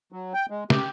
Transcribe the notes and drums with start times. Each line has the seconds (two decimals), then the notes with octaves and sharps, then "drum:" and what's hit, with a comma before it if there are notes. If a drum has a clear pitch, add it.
0.12 F#3
0.34 G5
0.50 G#3
0.70 G4, drum: snare